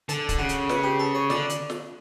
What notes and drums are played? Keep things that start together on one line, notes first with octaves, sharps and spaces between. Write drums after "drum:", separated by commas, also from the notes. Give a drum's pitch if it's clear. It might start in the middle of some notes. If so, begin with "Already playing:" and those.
D3 A4, drum: hi-hat
drum: kick C#1, hi-hat
C#3 F#4
drum: hi-hat
B4, drum: snare
G4
A4
C#5
D3 D5, drum: snare
drum: hi-hat
drum: snare